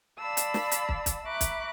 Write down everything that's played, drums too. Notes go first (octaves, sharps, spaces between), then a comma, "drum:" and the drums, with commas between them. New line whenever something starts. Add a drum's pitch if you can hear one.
D5 F5 A5 B5 E6
drum: hi-hat
drum: snare
drum: hi-hat
drum: kick
drum: kick, hi-hat
E5 A#5 B5 C#6 D6 F#6
drum: kick, hi-hat